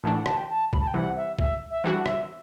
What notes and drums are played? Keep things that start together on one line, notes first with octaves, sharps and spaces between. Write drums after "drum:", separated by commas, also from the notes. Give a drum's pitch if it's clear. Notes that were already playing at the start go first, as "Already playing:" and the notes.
A2 E3 A3 D4 A5
F#5
A5, drum: rim click
G5
A5
B5, drum: kick
A5
G5
C2 C3 E3 F#5
E5
E5, drum: kick
E5
E3 G3 D4 F#4 F#5
E5, drum: rim click